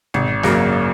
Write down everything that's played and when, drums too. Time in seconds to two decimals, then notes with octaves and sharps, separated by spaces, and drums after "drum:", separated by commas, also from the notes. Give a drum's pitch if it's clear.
0.14 G#1, drum: tom
0.43 F#2 C#3 F#3 A#3, drum: snare